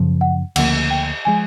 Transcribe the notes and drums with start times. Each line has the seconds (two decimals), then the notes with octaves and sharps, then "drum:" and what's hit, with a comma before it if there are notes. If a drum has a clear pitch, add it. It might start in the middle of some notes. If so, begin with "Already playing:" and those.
Already playing: F#2 C#3 F3
0.21 F#5
0.56 D2 C#3 F3 A#3 F#5, drum: cymbal
0.90 G5
1.25 F3 G#3 G#5